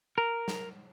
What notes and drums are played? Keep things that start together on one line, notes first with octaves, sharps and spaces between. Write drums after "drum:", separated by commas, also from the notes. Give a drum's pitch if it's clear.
A#4
drum: snare